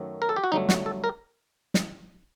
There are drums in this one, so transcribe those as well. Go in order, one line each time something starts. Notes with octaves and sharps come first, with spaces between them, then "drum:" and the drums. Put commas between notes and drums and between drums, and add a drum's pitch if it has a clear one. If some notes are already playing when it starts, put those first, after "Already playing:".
Already playing: F#2 D#3 F#3 A3
A#4
A4
G4
F#4
G1 G2 F#3 A3 D#4
F#4, drum: snare
A4
A#4
drum: snare